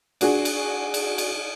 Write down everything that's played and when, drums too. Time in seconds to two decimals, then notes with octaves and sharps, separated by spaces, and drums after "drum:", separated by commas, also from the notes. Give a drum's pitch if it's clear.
0.21 D4 F#4 G#4, drum: cymbal
0.45 drum: cymbal
0.94 drum: cymbal
1.18 drum: cymbal